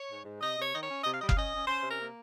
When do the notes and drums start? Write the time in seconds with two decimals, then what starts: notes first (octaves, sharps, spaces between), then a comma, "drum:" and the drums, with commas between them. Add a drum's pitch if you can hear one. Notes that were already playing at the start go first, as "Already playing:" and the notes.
Already playing: C#5
0.09 G#2
0.24 G#2
0.40 C3 D#5
0.56 C3
0.62 C#5
0.72 D#3 D#5
0.83 C#5
0.88 C#4
1.04 C3 D#5
1.12 F5
1.20 G3 D#5
1.29 F5, drum: kick F#1
1.35 C#4 D#5
1.52 C#4
1.67 C#4 C5
1.83 C3
1.89 A#4
1.99 A#3